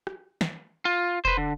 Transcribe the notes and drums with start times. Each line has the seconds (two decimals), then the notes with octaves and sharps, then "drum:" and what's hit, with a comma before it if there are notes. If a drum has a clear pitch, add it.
0.07 drum: rim click
0.41 drum: snare
0.85 F4
1.25 B4 C5, drum: kick F1
1.37 D3